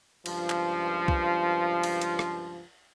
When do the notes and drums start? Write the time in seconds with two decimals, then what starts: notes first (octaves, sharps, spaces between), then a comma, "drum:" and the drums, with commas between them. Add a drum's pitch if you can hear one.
0.26 C#2 G2 F3, drum: cymbal
0.50 drum: clap
1.08 drum: kick
1.83 drum: cymbal
2.01 drum: hi-hat
2.19 drum: rim click